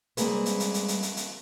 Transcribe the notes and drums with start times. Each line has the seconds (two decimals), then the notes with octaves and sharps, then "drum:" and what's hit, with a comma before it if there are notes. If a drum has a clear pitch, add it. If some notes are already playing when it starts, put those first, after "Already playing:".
0.17 G3 G#3 A#3 C4 G#4 B4, drum: hi-hat
0.46 drum: hi-hat
0.60 drum: hi-hat
0.74 drum: hi-hat
0.88 drum: hi-hat
1.02 drum: hi-hat
1.17 drum: hi-hat